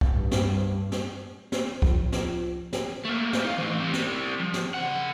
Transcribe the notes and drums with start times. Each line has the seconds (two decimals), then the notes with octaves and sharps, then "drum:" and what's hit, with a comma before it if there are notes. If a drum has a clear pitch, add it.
0.01 drum: kick
0.11 G2
0.31 drum: snare
0.92 drum: snare
1.52 drum: snare
1.82 F3, drum: kick
2.12 drum: snare
2.73 drum: snare
3.05 A3 A#3
3.33 drum: snare
3.44 D#4 F5
3.58 E3 A3
3.79 G3 C4
3.93 drum: snare
4.40 F3
4.54 drum: snare
4.74 C#3 F#5